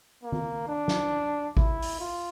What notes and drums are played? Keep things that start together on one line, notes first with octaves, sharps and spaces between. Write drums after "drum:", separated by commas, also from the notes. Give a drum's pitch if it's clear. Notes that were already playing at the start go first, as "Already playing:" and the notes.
A#3
drum: tom D#3
D4
drum: snare
E4, drum: kick G#1
drum: open hi-hat
F4